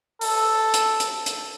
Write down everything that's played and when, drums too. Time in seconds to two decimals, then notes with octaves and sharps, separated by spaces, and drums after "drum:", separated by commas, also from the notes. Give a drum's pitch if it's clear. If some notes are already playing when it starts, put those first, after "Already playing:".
0.21 A4, drum: open hi-hat
0.74 drum: hi-hat
1.00 drum: hi-hat
1.26 drum: hi-hat